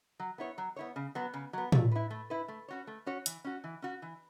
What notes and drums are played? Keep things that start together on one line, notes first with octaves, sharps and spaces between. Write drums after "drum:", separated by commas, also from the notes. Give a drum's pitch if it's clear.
F#3
B3 E4 C#5
F#3
B3 E4 C#5
C#3
F#3 B3
C#3
F#3 B3
A3, drum: tom
E4 B4
A3
E4 B4
A3
C#4 F#4 C#5
A3
C#4 F#4 C#5
E3, drum: hi-hat
C#4 F#4
E3
C#4 F#4
E3